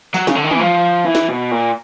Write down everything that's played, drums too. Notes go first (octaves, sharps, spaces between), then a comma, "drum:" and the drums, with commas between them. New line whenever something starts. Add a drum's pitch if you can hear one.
F#3, drum: tambourine
C#3, drum: snare
D3
D#3
E3, drum: tom
F3
E3
drum: snare
B2
A#2